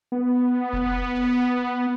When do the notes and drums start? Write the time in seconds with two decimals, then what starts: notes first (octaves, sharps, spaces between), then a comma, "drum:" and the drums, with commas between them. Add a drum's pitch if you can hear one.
0.12 B3
0.73 drum: kick F1